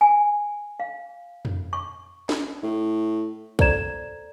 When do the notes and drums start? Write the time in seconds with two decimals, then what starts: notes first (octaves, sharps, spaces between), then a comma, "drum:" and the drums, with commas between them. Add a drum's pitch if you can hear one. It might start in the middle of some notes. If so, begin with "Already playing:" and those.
0.01 G#5
0.80 F5
1.45 drum: tom F2
1.73 C#6
2.29 drum: snare
2.63 A2
3.59 A4 C5 D5 A#5 G#6 E7, drum: kick